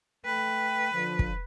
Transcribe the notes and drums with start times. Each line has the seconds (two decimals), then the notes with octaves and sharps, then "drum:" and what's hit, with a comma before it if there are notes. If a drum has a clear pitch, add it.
0.25 A3 B4 G5
0.92 D3 F3
1.19 drum: kick